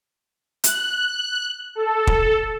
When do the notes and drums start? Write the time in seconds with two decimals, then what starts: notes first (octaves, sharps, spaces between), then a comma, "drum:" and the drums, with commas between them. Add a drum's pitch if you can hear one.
0.64 F#6, drum: hi-hat
1.75 A4
2.07 drum: kick